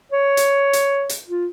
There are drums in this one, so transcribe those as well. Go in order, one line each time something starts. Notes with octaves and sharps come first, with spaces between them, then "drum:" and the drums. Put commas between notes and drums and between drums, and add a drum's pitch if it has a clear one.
C#5
drum: hi-hat
drum: hi-hat
drum: hi-hat
F4